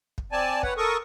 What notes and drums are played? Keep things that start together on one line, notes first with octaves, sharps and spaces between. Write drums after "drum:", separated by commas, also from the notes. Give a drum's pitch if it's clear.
drum: kick
C4 D5 G#5 A5
B4 C#5 F#5, drum: kick
A4 A#4 C#6 D#6